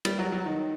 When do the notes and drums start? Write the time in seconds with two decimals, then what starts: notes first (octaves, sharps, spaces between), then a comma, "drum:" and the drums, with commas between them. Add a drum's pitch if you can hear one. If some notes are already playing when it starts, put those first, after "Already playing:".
0.05 G3, drum: cymbal
0.19 F#3
0.32 F#3
0.45 D#3